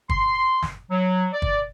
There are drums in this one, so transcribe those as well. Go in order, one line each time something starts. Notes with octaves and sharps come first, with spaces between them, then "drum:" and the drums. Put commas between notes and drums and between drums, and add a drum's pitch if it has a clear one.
C6, drum: kick
drum: snare
F#3
D5
drum: kick